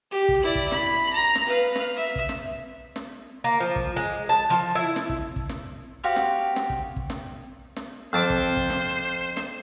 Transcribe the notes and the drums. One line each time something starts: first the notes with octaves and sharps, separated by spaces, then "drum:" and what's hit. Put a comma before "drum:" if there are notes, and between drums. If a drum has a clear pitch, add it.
G4
drum: kick
E4 D5
drum: kick
B5, drum: snare
A#5
drum: snare
B4 F5
drum: snare
E5
drum: kick
drum: snare
drum: snare
A#3
F3
drum: kick
G#3
A5
F3
E4
drum: snare
drum: kick
drum: kick
drum: snare
F#4 G4 C5 F5
drum: snare
drum: snare
drum: kick
drum: kick
drum: snare
drum: snare
F2 C5 A5 D6
drum: kick
drum: kick
drum: snare
drum: snare